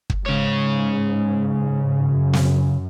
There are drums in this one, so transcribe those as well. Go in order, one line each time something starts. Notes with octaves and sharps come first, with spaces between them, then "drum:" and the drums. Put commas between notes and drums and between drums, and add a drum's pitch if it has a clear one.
drum: kick
G#2 C#3 C#5
F#2
drum: snare